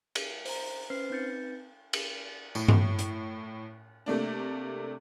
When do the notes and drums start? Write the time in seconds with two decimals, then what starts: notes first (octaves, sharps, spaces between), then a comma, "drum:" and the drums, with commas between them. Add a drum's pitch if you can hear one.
0.15 drum: cymbal
0.45 C5 A#5, drum: open hi-hat
0.90 C#4 B4 C5 F6 C7
1.10 C4 D#4 B4 G6 A6 C#7
1.93 drum: cymbal
2.55 A2, drum: tambourine
2.68 drum: tom G2
2.99 drum: hi-hat
4.06 C3 A3 A#3 D4